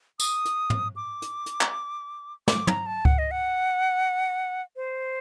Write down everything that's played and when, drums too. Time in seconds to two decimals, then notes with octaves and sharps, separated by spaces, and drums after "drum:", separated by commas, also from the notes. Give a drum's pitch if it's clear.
0.20 D#6, drum: tambourine
0.45 drum: hi-hat
0.70 drum: tom
0.96 D6
1.22 drum: hi-hat
1.46 drum: hi-hat
1.61 drum: clap
2.48 D6, drum: snare
2.67 A#5, drum: tom
2.86 A5
3.05 F#5, drum: kick C#2
3.18 D#5
3.31 F#5
4.76 C5